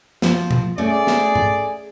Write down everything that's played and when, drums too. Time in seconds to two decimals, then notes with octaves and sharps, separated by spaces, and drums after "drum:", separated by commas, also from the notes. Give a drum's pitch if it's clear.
0.22 F3 A#3, drum: snare
0.51 drum: tom
0.78 A3 C#4 G#4 D5
1.07 drum: snare
1.35 drum: tom